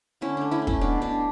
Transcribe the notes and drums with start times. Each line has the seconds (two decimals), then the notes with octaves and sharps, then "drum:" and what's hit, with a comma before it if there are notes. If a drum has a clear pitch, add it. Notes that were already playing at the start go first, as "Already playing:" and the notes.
0.21 D3 C#4 E4
0.37 A3 D4
0.51 C#4 E4
0.62 A3
0.67 C#4 E4, drum: kick
0.81 B2 D4
1.01 B2 D4